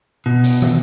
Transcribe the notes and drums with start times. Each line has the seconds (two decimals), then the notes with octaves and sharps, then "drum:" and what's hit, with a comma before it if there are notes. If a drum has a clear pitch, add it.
0.26 B2
0.44 drum: hi-hat
0.62 drum: tom